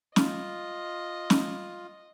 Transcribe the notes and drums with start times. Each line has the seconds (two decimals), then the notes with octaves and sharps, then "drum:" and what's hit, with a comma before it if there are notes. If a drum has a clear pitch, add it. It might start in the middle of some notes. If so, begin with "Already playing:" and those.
0.16 F4 D#5, drum: snare
1.30 drum: snare